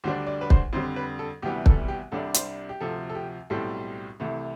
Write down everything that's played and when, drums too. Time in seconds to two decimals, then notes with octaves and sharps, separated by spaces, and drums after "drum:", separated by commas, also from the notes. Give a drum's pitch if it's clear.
0.04 D2 D3 G3 D4 C5
0.26 D5
0.41 B4
0.50 C5, drum: kick
0.73 F2 D3 G3 C5
0.96 B4
1.19 A4
1.42 D2 C3 E3 G3 B3 G4
1.66 A4, drum: kick
1.88 G4
2.12 C2 C3 G3 D4 A4
2.34 C5, drum: hi-hat
2.69 G4
2.81 D2 C3 F3 A4
3.10 A4
3.15 G4
3.50 B1 A2 G3 C4 A4
4.20 C2 C3 E3 A3